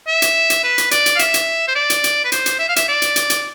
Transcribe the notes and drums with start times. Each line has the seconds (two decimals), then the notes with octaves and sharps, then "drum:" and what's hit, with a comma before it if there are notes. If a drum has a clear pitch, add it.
0.08 E5
0.22 drum: hi-hat
0.50 drum: hi-hat
0.64 B4
0.78 drum: hi-hat
0.91 D5, drum: hi-hat
1.06 drum: hi-hat
1.16 F5
1.19 E5, drum: hi-hat
1.34 drum: hi-hat
1.68 C5
1.75 D5
1.90 drum: hi-hat
2.04 drum: hi-hat
2.24 B4
2.32 C5, drum: hi-hat
2.46 drum: hi-hat
2.59 E5
2.69 F5
2.76 E5, drum: hi-hat
2.88 D5
3.02 drum: hi-hat
3.16 drum: hi-hat
3.30 drum: hi-hat